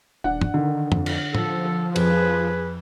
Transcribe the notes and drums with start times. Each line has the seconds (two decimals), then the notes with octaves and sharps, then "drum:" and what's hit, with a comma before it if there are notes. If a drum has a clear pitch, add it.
0.24 D#1 D4 F#5
0.41 drum: tom
0.54 D3 D#3
0.92 F2, drum: tom
1.06 drum: cymbal
1.35 F3 A4, drum: tom
1.96 F2 G#4 B4, drum: cymbal